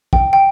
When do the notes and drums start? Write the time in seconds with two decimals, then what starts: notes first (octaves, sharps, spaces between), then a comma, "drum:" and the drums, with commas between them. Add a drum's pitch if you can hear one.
0.13 G5, drum: kick
0.33 G5